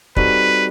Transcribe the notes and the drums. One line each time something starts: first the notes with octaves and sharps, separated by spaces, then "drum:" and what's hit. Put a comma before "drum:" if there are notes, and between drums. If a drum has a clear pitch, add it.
G3 C4 D#4 F#4 A4 B4, drum: kick